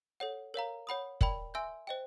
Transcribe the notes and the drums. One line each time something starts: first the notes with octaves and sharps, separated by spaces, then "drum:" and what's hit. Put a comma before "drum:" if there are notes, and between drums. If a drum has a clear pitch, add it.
A4 C#5 F#5
A#4 C#5 F5 A#5
C#5 F#5 B5 D#6
A#4 D5 G5 B5, drum: kick
E5 G#5 C6 E6 G6
C5 D#5 G5